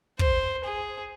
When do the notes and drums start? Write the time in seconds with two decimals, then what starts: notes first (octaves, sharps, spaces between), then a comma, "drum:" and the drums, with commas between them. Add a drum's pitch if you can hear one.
0.19 C5, drum: kick
0.64 G#4